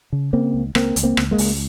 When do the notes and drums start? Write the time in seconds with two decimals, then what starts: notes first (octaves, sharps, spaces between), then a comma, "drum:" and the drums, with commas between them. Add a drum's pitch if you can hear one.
0.13 C#3
0.33 C#3 A#3 C4
0.54 C#2
0.75 C#2 A#3 C4, drum: rim click
0.96 C#2, drum: hi-hat
1.03 A#3 C4
1.17 C#2, drum: rim click
1.31 G#3 A#3
1.38 C#2, drum: open hi-hat